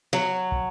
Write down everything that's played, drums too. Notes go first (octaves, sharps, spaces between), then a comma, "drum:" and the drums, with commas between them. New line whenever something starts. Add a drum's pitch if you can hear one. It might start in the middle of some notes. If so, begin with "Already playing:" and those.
F#3
drum: kick